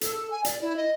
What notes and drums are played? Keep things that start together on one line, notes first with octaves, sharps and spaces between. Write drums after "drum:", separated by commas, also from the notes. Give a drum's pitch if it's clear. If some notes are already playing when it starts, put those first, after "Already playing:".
A4, drum: hi-hat
A4
G#5
D5, drum: hi-hat
E4
D#5